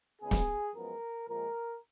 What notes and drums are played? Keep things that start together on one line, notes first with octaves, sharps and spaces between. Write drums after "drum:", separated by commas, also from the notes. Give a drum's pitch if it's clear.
C#2 C#3 G#3 B3 G#4
drum: snare
F#2 F3 G#3 B3 A#4
A#2 F3 G#3 A#4